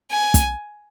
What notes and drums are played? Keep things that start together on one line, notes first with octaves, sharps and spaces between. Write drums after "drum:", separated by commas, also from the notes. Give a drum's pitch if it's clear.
G#5
drum: kick, hi-hat